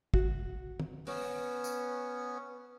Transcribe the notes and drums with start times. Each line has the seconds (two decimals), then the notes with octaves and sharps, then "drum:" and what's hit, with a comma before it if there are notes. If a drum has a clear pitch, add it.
0.14 F#4, drum: kick
0.80 drum: tom
1.07 B3 C#4 B4 C#5, drum: open hi-hat
1.64 drum: tambourine